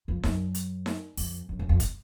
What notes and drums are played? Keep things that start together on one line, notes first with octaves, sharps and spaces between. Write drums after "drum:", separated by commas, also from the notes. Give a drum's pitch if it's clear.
F2
F#2, drum: snare D#4
drum: hi-hat
drum: snare D#4
F2, drum: open hi-hat
F#2
F#2
F2
drum: kick, hi-hat